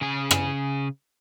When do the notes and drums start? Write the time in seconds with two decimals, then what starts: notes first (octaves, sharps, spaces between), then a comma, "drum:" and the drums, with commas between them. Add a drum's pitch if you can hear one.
0.01 C#3 G#4
0.31 drum: rim click